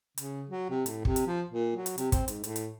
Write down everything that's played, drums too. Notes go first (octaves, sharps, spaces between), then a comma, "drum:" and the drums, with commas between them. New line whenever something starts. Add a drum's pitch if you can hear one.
C#3, drum: hi-hat
F#3
C3
A2, drum: hi-hat
C3, drum: kick
drum: hi-hat
F3
A#2
F#3
drum: hi-hat
C3, drum: hi-hat
C4, drum: kick, hi-hat
G#2, drum: hi-hat
A2, drum: hi-hat
drum: hi-hat